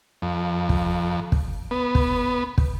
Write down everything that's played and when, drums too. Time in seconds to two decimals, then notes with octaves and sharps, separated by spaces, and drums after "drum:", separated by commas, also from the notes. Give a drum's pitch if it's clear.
0.22 F2
0.69 drum: kick
1.32 drum: kick
1.71 B3
1.95 drum: kick
2.58 drum: kick